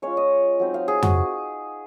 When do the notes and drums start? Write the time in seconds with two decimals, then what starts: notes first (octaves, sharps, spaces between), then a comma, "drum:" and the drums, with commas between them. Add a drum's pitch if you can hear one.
0.02 G#3 C#4 F4 C#5
0.17 D#5
0.60 F#3 C4 D#4
0.74 F5
0.88 G#4
1.03 F#4, drum: tom F2